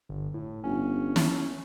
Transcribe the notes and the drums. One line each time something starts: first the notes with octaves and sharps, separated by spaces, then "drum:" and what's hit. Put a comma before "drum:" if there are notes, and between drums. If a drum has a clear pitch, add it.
G1
A2
G1 C#4
drum: snare